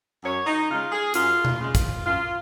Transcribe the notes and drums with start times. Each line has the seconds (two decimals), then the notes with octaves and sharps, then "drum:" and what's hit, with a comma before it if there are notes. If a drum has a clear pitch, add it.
0.24 F#2 C#5
0.47 D#4
0.69 C#3 G#3 F4
0.92 G#4
1.14 F#2 F4, drum: hi-hat
1.45 drum: tom B2
1.59 C#3 G#3 F4
1.75 drum: kick, hi-hat
2.05 F#2 F4